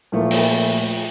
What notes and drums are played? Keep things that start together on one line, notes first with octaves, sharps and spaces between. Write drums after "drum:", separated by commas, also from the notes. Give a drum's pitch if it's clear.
A#2 F3 A3 A#3
drum: open hi-hat